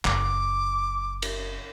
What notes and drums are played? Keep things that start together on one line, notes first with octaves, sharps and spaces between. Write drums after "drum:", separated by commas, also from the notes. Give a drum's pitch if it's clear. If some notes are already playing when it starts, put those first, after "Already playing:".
F#1 D6, drum: clap
drum: cymbal